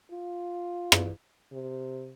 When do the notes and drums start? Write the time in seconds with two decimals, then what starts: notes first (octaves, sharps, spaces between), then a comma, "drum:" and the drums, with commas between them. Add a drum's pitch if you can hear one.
0.12 F4
0.92 drum: rim click
1.53 C3